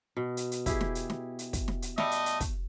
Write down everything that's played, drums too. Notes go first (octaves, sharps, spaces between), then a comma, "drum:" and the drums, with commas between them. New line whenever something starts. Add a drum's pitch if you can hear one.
B2
drum: hi-hat
drum: hi-hat
E4 G4 G#4, drum: kick, hi-hat
drum: snare
drum: hi-hat
drum: snare
drum: hi-hat
drum: kick, hi-hat
drum: snare
drum: hi-hat
G3 A3 D#5, drum: snare
drum: hi-hat
drum: hi-hat
drum: kick, hi-hat